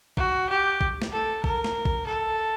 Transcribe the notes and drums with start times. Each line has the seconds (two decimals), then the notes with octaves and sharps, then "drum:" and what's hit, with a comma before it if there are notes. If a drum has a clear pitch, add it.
0.17 F#4, drum: kick
0.50 G4
0.81 drum: kick
1.02 drum: snare
1.12 A4
1.44 A#4, drum: kick
1.64 drum: snare
1.85 drum: kick
2.06 A4